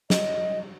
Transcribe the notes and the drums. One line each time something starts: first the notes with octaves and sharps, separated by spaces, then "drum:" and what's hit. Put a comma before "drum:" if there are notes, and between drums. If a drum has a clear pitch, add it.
D#5, drum: snare